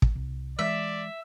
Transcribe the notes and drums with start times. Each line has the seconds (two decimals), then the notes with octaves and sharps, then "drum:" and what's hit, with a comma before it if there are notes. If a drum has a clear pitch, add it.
0.02 drum: kick
0.15 C2
0.59 E3 G#3 D5 E5